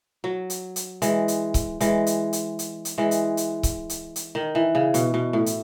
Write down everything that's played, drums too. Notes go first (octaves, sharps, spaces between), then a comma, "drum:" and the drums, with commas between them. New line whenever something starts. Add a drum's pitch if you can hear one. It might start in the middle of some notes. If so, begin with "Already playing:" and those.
F#3
drum: hi-hat
drum: hi-hat
E3 G#3, drum: hi-hat
drum: hi-hat
drum: kick C#1, hi-hat
E3 G#3, drum: hi-hat
drum: hi-hat
drum: hi-hat
drum: hi-hat
drum: hi-hat
E3 G#3
drum: hi-hat
drum: hi-hat
drum: kick C#1, hi-hat
drum: hi-hat
drum: hi-hat
D#3
E3
C#3
B2, drum: hi-hat
B2
A2
drum: hi-hat